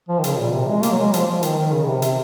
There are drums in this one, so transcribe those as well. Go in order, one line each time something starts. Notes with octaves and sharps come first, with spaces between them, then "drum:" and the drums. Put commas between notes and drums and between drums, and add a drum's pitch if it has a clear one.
F3
D#3
C#3, drum: hi-hat
A#2
C3
G#3
A#3, drum: hi-hat
F#3
G#3
F3, drum: hi-hat
F3
D#3, drum: hi-hat
D#3
C#3
C#3
C3
C3, drum: hi-hat